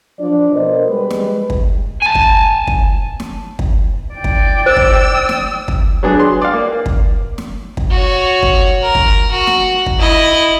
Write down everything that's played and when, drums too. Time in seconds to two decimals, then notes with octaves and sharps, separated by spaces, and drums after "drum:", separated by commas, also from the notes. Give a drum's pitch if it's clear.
0.19 F3 D4 D5
0.53 B2 B3 A#4 C5 D#5
0.88 G3 G#3 B4
1.10 drum: snare
1.50 drum: kick
2.02 G#5 A5
2.15 drum: kick
2.67 drum: kick
3.20 drum: snare
3.59 drum: kick
4.15 D5 G5
4.24 drum: kick
4.66 C5 E6
4.76 drum: kick
5.29 drum: snare
5.68 drum: kick
6.03 F#3 B3 D4 G#4
6.20 C6
6.42 D5 F5
6.53 A#3
6.86 drum: kick
7.38 drum: snare
7.77 drum: kick
7.91 F#4 C#5
8.42 drum: kick
8.82 A#4
8.95 drum: kick
9.31 F#4
9.47 drum: snare
9.86 drum: kick
9.99 E4 D#5